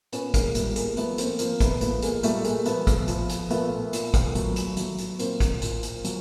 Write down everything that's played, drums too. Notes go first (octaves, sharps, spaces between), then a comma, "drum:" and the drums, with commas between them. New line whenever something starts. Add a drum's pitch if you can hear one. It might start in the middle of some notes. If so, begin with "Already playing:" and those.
A#2 B3 C#4, drum: hi-hat
G#3 A#3, drum: kick, hi-hat
A#2 G3 A3, drum: hi-hat
G#3 A#3, drum: hi-hat
F3 A3 B3, drum: hi-hat
A#3 C4, drum: hi-hat
F3 A#3 C4, drum: hi-hat
A3 B3, drum: kick, hi-hat
A#2 A3 B3, drum: hi-hat
G#3 A#3, drum: hi-hat
A#2 G3 A3, drum: hi-hat
G#3 A#3, drum: hi-hat
F3 A3 B3, drum: hi-hat
drum: kick, hi-hat
F3, drum: hi-hat
drum: hi-hat
A#2 A3 B3, drum: hi-hat
A#2, drum: hi-hat
drum: kick, hi-hat
F#3, drum: hi-hat
drum: hi-hat
F#3, drum: hi-hat
drum: hi-hat
A#2 A#3 C4, drum: hi-hat
drum: kick, hi-hat
A#2, drum: hi-hat
drum: hi-hat
F#3, drum: hi-hat